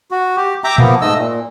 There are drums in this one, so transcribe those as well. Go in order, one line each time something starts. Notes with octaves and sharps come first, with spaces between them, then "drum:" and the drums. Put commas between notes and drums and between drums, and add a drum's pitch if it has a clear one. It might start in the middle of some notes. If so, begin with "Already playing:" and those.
F#4
G4
E5 G5 A#5 D6
F3 A#3 B3, drum: tom A#2
G#2 A3 D#5 E6
A#2